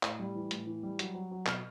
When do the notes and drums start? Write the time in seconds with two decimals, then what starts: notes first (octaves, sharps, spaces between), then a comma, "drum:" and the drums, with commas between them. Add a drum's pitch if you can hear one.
0.03 A2, drum: clap
0.19 G3
0.35 E3
0.51 A2, drum: hi-hat
0.67 E3
0.83 G3
0.99 F#3, drum: hi-hat
1.14 F#3
1.31 F#3
1.46 B2 F6, drum: clap